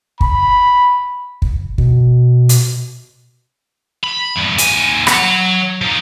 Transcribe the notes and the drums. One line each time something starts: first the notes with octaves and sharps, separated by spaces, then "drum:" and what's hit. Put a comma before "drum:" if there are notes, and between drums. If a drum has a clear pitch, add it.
B5, drum: kick
drum: kick
B2, drum: kick
drum: hi-hat
B5
E2 G2
D#2 G#5, drum: hi-hat
F#3 F#5, drum: rim click
F3 D#4